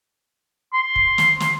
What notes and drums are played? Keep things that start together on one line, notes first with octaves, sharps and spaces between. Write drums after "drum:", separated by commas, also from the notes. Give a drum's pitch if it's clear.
C6
drum: kick
drum: snare
drum: snare